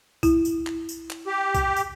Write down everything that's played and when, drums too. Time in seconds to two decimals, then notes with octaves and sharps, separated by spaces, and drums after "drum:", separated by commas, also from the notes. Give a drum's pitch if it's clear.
0.23 E4, drum: kick C2, tambourine
0.45 drum: tambourine
0.67 drum: clap
0.89 drum: tambourine
1.11 drum: clap
1.27 G4
1.55 drum: kick C2, tambourine
1.76 drum: tambourine